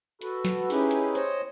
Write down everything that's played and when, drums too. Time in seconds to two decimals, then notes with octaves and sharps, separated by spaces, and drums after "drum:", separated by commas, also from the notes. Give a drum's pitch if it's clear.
0.21 F#4 A4 B4, drum: hi-hat
0.45 drum: snare
0.70 C#4 D#4 E4 G4 G#4 B4, drum: open hi-hat
0.91 drum: hi-hat
1.15 C5 C#5 D#5, drum: hi-hat